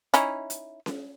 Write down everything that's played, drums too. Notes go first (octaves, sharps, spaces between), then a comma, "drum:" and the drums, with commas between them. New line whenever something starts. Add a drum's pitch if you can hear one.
C#4 D#4 E4, drum: hi-hat
drum: hi-hat
drum: snare C#4